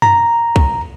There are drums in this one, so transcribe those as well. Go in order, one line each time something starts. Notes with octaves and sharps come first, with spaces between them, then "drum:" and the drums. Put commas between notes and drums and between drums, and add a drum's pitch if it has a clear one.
A#5, drum: tom F#2
drum: kick